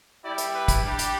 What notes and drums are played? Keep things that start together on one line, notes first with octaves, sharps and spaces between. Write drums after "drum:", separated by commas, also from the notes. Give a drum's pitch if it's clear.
G3 E4 G4 D5
drum: hi-hat
B4
drum: kick, hi-hat
G3 D4 G4
drum: hi-hat